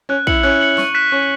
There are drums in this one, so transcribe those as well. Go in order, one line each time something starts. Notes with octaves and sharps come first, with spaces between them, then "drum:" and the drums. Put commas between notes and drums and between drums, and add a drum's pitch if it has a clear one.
C#4 F#6
E4 C#7 F#7, drum: kick
C#4 F#6
C#7 F#7
C#6, drum: snare
F#6 B6 E7
C#4 C#6